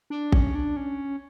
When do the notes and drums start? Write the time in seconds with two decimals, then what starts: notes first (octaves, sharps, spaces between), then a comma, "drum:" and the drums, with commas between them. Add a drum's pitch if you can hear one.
0.10 D4
0.32 C#4, drum: kick A1
0.55 D4
0.77 C#4